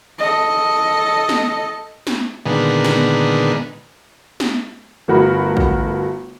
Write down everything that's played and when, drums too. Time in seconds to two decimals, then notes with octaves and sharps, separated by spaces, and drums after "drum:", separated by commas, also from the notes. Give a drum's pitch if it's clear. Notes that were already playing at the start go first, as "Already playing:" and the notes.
0.19 A4 D#5
1.29 drum: snare
2.07 drum: snare
2.46 A#2 D3 D#3 G#3 B3
2.84 drum: snare
4.40 drum: snare
5.08 G1 A3 F#4 A#4 B5
5.57 drum: kick